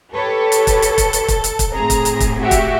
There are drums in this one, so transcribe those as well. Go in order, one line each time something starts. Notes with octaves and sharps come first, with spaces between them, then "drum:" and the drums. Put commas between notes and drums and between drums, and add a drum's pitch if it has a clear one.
G4 A4 B4 C#5
drum: hi-hat
drum: kick, hi-hat
drum: hi-hat
drum: kick, hi-hat
drum: hi-hat
drum: kick, hi-hat
drum: hi-hat
drum: kick, hi-hat
A2 C4 G#4 A#5
drum: kick, hi-hat
drum: hi-hat
drum: kick, hi-hat
F#4 G4 E5
drum: kick, hi-hat